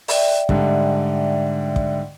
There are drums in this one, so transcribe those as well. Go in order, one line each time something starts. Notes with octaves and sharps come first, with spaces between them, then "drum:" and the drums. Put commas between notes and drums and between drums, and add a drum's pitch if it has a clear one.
D5 E5 G5, drum: open hi-hat
G#2 D3 G3, drum: kick
drum: kick